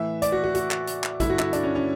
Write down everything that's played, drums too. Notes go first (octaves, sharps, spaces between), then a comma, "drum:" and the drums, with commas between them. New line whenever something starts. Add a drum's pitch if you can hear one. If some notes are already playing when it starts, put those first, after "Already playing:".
Already playing: A2 E3 E5
D5, drum: hi-hat
F#4
F#4
F#4, drum: hi-hat
drum: clap
drum: hi-hat
drum: clap
G2 D3 E4, drum: kick A1, hi-hat
F#4
E4, drum: clap
D4, drum: hi-hat
C#4
C#4